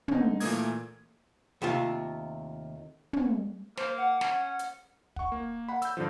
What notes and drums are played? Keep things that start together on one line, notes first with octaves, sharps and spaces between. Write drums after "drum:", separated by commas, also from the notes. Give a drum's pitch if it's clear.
D3 D#4, drum: tom
A#2 E3 A3 A#3 D#6 G#6, drum: open hi-hat
D#2 C3 A3 F4
drum: tom
A#3 C5, drum: snare
F#5
C#4, drum: snare
drum: hi-hat
F#5 C#6, drum: kick
A#3
F#5 B5
E6 G6, drum: hi-hat
G2 D3 F3